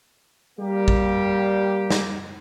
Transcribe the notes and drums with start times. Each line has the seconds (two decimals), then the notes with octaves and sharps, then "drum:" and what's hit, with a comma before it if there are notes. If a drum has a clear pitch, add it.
0.59 G3 A#3 G4
0.88 drum: kick
1.90 drum: snare